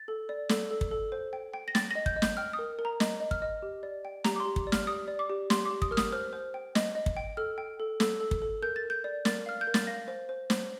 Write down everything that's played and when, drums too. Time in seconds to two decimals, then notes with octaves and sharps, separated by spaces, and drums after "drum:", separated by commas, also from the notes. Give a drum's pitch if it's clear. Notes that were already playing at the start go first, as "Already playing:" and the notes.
Already playing: A6
0.08 A4
0.29 D5
0.49 A4, drum: snare
0.71 A4
0.81 drum: kick
0.91 A4
1.12 C5
1.33 G5
1.54 G5
1.68 A#6
1.75 G5 A6, drum: snare
1.91 D#5 A#6
2.06 G6, drum: kick
2.16 D#5
2.22 G6, drum: snare
2.37 G5 F6
2.53 D#6
2.59 A#4
2.79 A#4
2.85 A#5
3.00 D#5, drum: snare
3.20 D#5
3.31 F6, drum: kick
3.42 D#5
3.62 G4
3.83 D5
4.05 G5
4.24 G4 A#5, drum: snare
4.36 D6
4.40 C6
4.46 G4
4.56 drum: kick
4.67 D5
4.72 F6, drum: snare
4.87 G4 D#6
5.08 D5
5.19 D6
5.29 G4
5.50 G4 C6, drum: snare
5.65 G4 D6
5.82 D#6, drum: kick
5.91 A#4 F6
5.97 D#6, drum: snare
6.12 C5 F6
6.33 C5
6.54 G5
6.75 D#5, drum: snare
6.95 D#5
7.06 drum: kick
7.17 G5
7.37 A4 F6
7.58 G5
7.80 A4
8.00 A4, drum: snare
8.20 A4
8.31 drum: kick
8.42 A4
8.62 A#4 G6
8.76 A6
8.83 A#4
8.90 G6
9.04 D5
9.25 A#4 A6, drum: snare
9.46 F5 F6
9.61 G6
9.67 A#4
9.74 A6, drum: snare
9.87 F5 A#6
10.08 C5
10.29 C5
10.50 C5, drum: snare